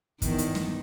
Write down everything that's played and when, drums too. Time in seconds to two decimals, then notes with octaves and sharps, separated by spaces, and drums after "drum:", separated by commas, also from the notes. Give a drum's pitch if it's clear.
0.22 E2 G2 D#3, drum: kick, hi-hat
0.38 drum: hi-hat
0.55 drum: snare